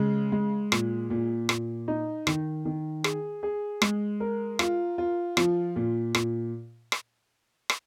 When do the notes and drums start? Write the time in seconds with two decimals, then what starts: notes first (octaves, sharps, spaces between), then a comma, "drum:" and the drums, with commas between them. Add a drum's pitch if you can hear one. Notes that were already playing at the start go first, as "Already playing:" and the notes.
Already playing: C#3 G#3
0.32 G#3
0.72 A#2, drum: rim click
1.10 A#2
1.49 A#2, drum: rim click
1.88 D#4
2.27 D#3, drum: rim click
2.65 D#3
3.04 G#4, drum: rim click
3.43 G#4
3.82 G#3, drum: rim click
4.20 A#4
4.59 F4, drum: rim click
4.98 F4
5.37 F3, drum: rim click
5.76 A#2
6.15 A#2, drum: rim click
6.92 drum: rim click
7.70 drum: rim click